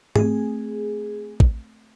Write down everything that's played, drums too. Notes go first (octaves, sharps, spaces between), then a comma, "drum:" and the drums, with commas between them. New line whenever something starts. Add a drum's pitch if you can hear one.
A3 C4 G#4, drum: tom G#2
drum: kick